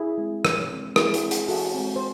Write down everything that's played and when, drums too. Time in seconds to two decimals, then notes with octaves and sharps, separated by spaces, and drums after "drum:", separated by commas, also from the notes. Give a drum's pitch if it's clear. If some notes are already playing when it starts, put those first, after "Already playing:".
Already playing: E4 G#4
0.18 G#3 C4
0.45 E3, drum: rim click
0.70 G#3 C4
0.96 E3 E4 G#4, drum: rim click
1.14 E4 G#4, drum: hi-hat
1.22 G#3 C4
1.31 G#4 C5, drum: hi-hat
1.48 E3 F#4 A4, drum: open hi-hat
1.75 G#3 C4
1.96 C5